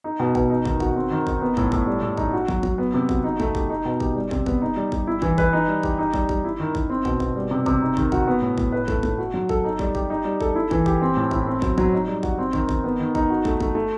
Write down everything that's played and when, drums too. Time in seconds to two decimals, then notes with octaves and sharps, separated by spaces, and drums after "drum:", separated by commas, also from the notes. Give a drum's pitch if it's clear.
0.04 D#4
0.20 B2
0.35 B2, drum: kick
0.50 D#4
0.65 D#3, drum: kick
0.80 F#4, drum: kick
0.96 C4
1.11 D#3
1.27 D#4, drum: kick
1.41 B3
1.57 A2, drum: kick
1.72 A2, drum: kick
1.87 G3
2.02 A2
2.17 D#4, drum: kick
2.33 F#4
2.48 F#3, drum: kick
2.63 F#3, drum: kick
2.78 B3
2.94 C3
3.09 F#4, drum: kick
3.24 D#4
3.40 A3, drum: kick
3.55 G4, drum: kick
3.70 D#4
3.85 B2
4.00 G4, drum: kick
4.16 G3
4.31 C3, drum: kick
4.46 B3, drum: kick
4.62 D#4
4.77 G3
4.92 G3, drum: kick
5.07 E4
5.22 E3, drum: kick
5.38 B4, drum: kick
5.53 D#4
5.68 G3
5.83 G4, drum: kick
5.99 D#4
6.14 G3, drum: kick
6.29 G3, drum: kick
6.44 E4
6.60 D#3
6.75 D#3, drum: kick
6.90 C4
7.05 B2, drum: kick
7.20 B2, drum: kick
7.36 G3
7.51 C3
7.66 C3, drum: kick
7.82 D#4
7.97 D#3, drum: kick
8.12 F#4, drum: kick
8.28 B3
8.42 A2
8.58 A2, drum: kick
8.72 B4
8.88 A3, drum: kick
9.03 A3, drum: kick
9.18 F#4
9.34 F#3
9.49 A4, drum: kick
9.64 D#4
9.79 G3, drum: kick
9.95 G4, drum: kick
10.10 D#4
10.25 G3
10.41 A4, drum: kick
10.55 E4
10.71 E3, drum: kick
10.86 G4, drum: kick
11.02 C4
11.17 A2
11.31 E4, drum: kick
11.47 C4
11.62 F#3, drum: kick
11.78 F#3, drum: kick
11.93 D#4
12.08 G3
12.23 F#4, drum: kick
12.38 C4
12.53 D#3, drum: kick
12.69 D#3, drum: kick
12.84 B3
12.99 D#3
13.15 D#4, drum: kick
13.30 F#4
13.45 A3, drum: kick
13.60 A3, drum: kick
13.75 A3